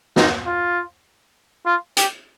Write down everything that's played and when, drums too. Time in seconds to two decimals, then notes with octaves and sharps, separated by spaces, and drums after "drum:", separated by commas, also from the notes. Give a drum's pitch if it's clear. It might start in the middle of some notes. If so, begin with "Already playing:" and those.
0.16 D#4, drum: snare
0.46 F4
1.66 F4
1.97 G4, drum: hi-hat